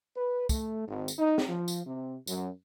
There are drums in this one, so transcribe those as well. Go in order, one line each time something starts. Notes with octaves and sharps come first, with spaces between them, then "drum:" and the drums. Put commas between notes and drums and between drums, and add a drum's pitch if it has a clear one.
B4
A3, drum: kick, tambourine
G#1
drum: tambourine
D#4
drum: snare
F3
drum: tambourine
C3
F#2, drum: tambourine